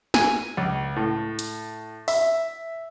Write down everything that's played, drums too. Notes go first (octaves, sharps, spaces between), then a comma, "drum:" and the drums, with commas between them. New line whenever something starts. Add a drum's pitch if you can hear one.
G#5, drum: snare
C#2
A2
drum: hi-hat
E5, drum: open hi-hat